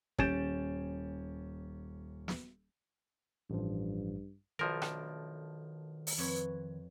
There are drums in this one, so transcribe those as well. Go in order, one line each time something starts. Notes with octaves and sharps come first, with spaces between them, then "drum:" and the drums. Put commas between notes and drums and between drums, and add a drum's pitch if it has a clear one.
D#1 C#4 G6 A6 D7 E7, drum: kick
drum: snare
A1 G2 F3
B1 D#3 F3 A3 E4 A#4
D4, drum: rim click
drum: open hi-hat
F2 B4 C#5